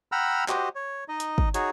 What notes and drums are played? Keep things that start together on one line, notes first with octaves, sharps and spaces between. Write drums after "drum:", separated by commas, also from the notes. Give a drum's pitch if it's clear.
F#5 G5 A#5 B5 E6 F6
F#4 G4 C5 D#5, drum: clap
C#5
D#4 D#5
drum: hi-hat
drum: kick
D#4 F#4 G#4 C#5, drum: hi-hat